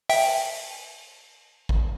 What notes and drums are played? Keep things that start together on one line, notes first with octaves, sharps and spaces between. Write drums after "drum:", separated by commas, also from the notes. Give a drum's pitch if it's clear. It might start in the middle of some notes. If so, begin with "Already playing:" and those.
E5 G5, drum: open hi-hat
drum: kick A1